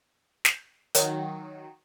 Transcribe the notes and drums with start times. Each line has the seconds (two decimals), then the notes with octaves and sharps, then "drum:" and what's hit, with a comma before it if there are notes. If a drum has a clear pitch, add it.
0.45 drum: snare
0.95 D#3 F#3, drum: hi-hat